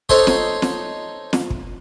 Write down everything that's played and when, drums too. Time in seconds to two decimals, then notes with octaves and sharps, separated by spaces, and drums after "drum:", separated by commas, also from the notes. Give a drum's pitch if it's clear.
0.09 D#4 A4 C5 C#5, drum: kick
0.27 drum: snare
0.62 drum: snare
1.33 drum: snare
1.50 drum: kick